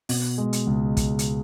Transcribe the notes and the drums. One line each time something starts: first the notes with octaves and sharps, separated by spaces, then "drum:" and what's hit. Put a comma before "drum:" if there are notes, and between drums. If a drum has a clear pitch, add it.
B2, drum: open hi-hat
G#3
drum: hi-hat
C#2
drum: kick, hi-hat
drum: hi-hat